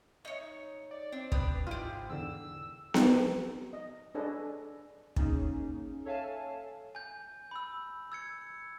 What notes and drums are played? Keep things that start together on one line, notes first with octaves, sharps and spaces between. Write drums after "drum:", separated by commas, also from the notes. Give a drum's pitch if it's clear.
D#4 C#5
D5
C4 D4
D4 G4 B4 D#6, drum: kick
G#2 E4 F4 G4 G#4
E2 D3 E6
drum: snare B3
D#5
D4 G#4 A4 B4 C#5 D#5
A#3 C#4 D#4 G#4, drum: kick
A4 C#5 E5 F5 G#5 A5
G#5 G6
B5 E6
E6 G#6 C#7